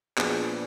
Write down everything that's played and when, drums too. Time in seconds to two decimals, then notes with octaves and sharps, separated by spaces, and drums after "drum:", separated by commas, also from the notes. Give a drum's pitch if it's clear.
0.18 A#2 F3 B3 D4 G#4, drum: clap